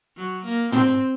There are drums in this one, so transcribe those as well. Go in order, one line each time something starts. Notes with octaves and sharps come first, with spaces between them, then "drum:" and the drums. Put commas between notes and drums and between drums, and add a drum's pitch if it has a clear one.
F#3
A#3
C4, drum: tom